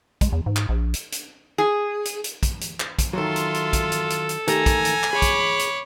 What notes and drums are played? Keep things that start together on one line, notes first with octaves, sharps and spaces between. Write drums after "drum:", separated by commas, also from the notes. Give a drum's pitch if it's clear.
G#3, drum: kick, hi-hat
E2
G#2
drum: clap
A#1
drum: hi-hat
drum: hi-hat
G#4
drum: hi-hat
drum: hi-hat
drum: kick, hi-hat
drum: hi-hat
drum: clap
drum: kick, hi-hat
D#3 F#3 F4 A4 E5 C6
drum: hi-hat
drum: hi-hat
drum: kick, hi-hat
drum: hi-hat
drum: hi-hat
drum: hi-hat
D#3 A3 G4 G#5 A#5, drum: hi-hat
drum: kick, hi-hat
drum: hi-hat
drum: clap
G#4 C#5 B5 D6
drum: kick, hi-hat
drum: hi-hat